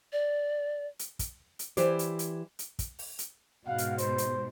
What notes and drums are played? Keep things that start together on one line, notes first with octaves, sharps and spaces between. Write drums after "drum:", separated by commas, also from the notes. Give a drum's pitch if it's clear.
D5
drum: hi-hat
drum: kick, hi-hat
drum: hi-hat
E3 E4 G4 C5 D5, drum: hi-hat
drum: hi-hat
drum: hi-hat
drum: hi-hat
drum: kick, hi-hat
drum: open hi-hat
drum: hi-hat
G#2 B2 F5 F#5
drum: hi-hat
C5, drum: hi-hat
drum: hi-hat